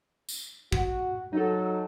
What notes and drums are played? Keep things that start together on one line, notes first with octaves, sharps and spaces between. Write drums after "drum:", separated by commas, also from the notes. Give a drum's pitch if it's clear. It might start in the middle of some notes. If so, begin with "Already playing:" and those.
drum: tambourine
F#4, drum: kick
F#3 D#4 A4